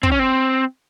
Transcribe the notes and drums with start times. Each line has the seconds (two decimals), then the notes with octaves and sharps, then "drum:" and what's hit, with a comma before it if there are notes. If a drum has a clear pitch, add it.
0.03 C4, drum: kick
0.12 C#4
0.19 C4